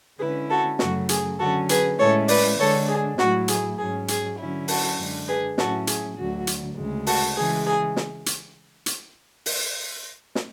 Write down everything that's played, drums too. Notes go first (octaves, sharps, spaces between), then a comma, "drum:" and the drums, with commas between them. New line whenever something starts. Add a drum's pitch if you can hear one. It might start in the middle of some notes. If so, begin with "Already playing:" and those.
D3 G#3 C#4 E4 G#4 B4
F#4 A4
F#2 C#3 F#3 A3 F#4, drum: snare
G#4, drum: hi-hat
D3 F#3 C#4 F#4 A4
G#4 B4, drum: hi-hat
A2 G#3 C#4 E4 A4 C#5
B4 D5, drum: open hi-hat
D3 G#3 D4 A4 C#5
G#4
A2 F#3 A3 E4 F#4, drum: snare
G#4, drum: hi-hat
G#2 F#3 C#4 G#4
G#4, drum: hi-hat
D3 F#3 C#4 E4
F#4 A4, drum: open hi-hat
F#2 D3 G#3 D4
G#4 B4
A2 F#3 C#4 E4 F#4 A4, drum: snare
G#4, drum: hi-hat
D2 D3 F#3 F#4
drum: hi-hat
D2 C#3 G#3
F#4 A4, drum: open hi-hat
C#3 E3 G#3 G#4
G#4
drum: snare
drum: hi-hat
drum: hi-hat
drum: open hi-hat
drum: snare